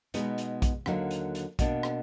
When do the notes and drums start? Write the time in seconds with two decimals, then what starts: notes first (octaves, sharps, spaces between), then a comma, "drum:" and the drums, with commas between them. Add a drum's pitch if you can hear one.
0.14 B2 G#3 B3 D#4, drum: hi-hat
0.38 drum: hi-hat
0.62 drum: kick A#1, hi-hat
0.86 D#2 D3 F#3 A#3 D#4, drum: rim click
1.11 drum: hi-hat
1.35 drum: hi-hat
1.59 B2 A#3 D4, drum: kick A#1, hi-hat
1.83 drum: rim click